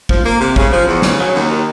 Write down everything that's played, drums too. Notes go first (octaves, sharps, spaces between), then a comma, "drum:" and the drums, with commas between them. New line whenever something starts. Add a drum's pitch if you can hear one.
F3, drum: kick A1
A#3
C3
C#3, drum: kick A1
F3
E2
C#3, drum: snare
F#3
D#2
D#3